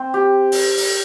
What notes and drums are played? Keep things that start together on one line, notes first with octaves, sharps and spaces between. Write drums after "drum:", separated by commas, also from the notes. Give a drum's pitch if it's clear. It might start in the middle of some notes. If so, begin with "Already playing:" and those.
Already playing: C4
G4
drum: open hi-hat
drum: open hi-hat